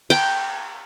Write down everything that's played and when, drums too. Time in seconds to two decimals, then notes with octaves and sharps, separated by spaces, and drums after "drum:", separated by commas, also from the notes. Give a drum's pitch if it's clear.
0.10 G5, drum: cymbal